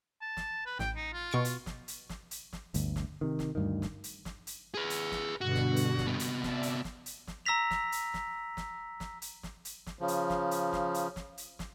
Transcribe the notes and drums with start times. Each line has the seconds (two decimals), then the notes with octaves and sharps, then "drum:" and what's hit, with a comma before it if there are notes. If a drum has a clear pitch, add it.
0.22 A5
0.37 drum: snare
0.66 B4
0.79 A1 G5, drum: snare
0.96 D#4
1.13 F4
1.31 B2 C#6 D7
1.45 drum: hi-hat
1.66 drum: snare
1.88 drum: hi-hat
2.09 drum: snare
2.31 drum: hi-hat
2.53 drum: snare
2.74 G1 D2, drum: hi-hat
2.96 drum: snare
3.21 C3 D#3
3.39 drum: snare
3.55 D2 G2 D#3
3.82 drum: snare
4.04 drum: hi-hat
4.25 drum: snare
4.47 drum: hi-hat
4.74 G#4 B4
4.90 drum: hi-hat
5.12 drum: snare
5.41 G2 B2 D3 F#4
5.55 drum: snare
5.76 drum: hi-hat
5.98 drum: snare
6.07 C3 B3
6.20 drum: hi-hat
6.43 D5 E5 A5, drum: snare
6.63 drum: hi-hat
6.84 drum: snare
7.06 drum: hi-hat
7.27 drum: snare
7.46 A#5 E6 A#6 B6 F7
7.71 drum: snare
7.92 drum: hi-hat
8.14 drum: snare
8.57 drum: snare
9.00 drum: snare
9.22 drum: hi-hat
9.43 drum: snare
9.65 drum: hi-hat
9.86 drum: snare
9.99 C#3 F3
10.08 drum: hi-hat
10.30 drum: snare
10.51 drum: hi-hat
10.73 drum: snare
10.94 drum: hi-hat
11.16 drum: snare
11.38 drum: hi-hat
11.59 drum: snare